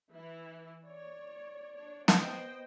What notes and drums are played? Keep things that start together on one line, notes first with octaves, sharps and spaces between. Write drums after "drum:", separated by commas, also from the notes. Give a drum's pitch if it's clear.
E3 E4
C#5 D5
D4 C#5
B3 C5 D#5 G5, drum: snare